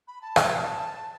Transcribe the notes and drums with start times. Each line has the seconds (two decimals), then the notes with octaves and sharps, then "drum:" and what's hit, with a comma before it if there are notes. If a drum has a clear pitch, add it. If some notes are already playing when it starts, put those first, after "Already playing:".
0.08 B5
0.22 A5
0.36 G#5, drum: rim click
0.50 A5